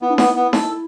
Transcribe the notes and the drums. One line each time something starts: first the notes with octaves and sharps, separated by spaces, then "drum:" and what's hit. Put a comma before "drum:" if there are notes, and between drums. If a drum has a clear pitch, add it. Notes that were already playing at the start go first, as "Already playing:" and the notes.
B3 E4
D4
B3 E4, drum: snare D#4
B3
A4, drum: snare D#4